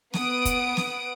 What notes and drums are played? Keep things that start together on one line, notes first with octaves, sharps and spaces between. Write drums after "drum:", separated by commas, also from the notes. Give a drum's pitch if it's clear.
B3 F#5 D#6 D7, drum: snare
drum: kick, hi-hat
drum: snare